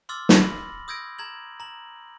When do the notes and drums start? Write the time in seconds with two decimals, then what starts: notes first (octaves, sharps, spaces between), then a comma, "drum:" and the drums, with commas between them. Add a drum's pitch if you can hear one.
0.09 C6 D6 E6 F6 A6
0.29 B5 A#6 F#7, drum: snare
0.88 D#6 E6 G6 G#6 A#6 D7
1.19 A#5 G#6 F#7
1.60 A#5 F#7